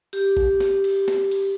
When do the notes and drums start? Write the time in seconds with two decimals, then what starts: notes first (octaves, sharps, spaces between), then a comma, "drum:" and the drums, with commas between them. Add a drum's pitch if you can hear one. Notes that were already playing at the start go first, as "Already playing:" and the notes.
0.13 G4, drum: cymbal
0.37 drum: kick A1
0.60 drum: snare
0.84 drum: cymbal
1.08 drum: snare
1.31 drum: cymbal